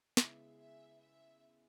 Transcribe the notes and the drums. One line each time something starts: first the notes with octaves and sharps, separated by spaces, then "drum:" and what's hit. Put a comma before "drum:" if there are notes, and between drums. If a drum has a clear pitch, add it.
C#3 G#3 B3 E4 G#4 E5, drum: snare
E5
E5